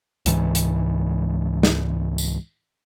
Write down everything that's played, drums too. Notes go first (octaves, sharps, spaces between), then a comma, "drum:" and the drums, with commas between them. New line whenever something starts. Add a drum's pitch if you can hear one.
C#2 G#2 E3, drum: hi-hat
drum: hi-hat
drum: snare
drum: tambourine